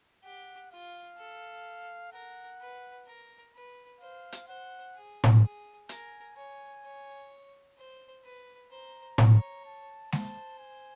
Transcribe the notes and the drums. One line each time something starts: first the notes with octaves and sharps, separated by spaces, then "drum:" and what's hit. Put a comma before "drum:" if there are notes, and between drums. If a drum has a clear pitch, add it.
G4 F#5
F4 F5
A4
A#4 F#5
B4
A#4
B4
C5 F5
drum: hi-hat
C5 F#5
G#4
drum: tom A2
G#4
A#4 G#5, drum: hi-hat
C#5 G#5
C#5
C5
B4
C5 A#5
C#5, drum: tom A2
A5
C5 A5, drum: snare G#3
G#5